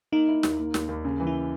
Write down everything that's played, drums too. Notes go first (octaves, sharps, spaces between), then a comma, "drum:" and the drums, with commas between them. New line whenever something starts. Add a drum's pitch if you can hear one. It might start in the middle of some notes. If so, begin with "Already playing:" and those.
A#3 D#4
E4
D#2, drum: snare
A#3
D#2, drum: snare
D#2
C#3
E3
E4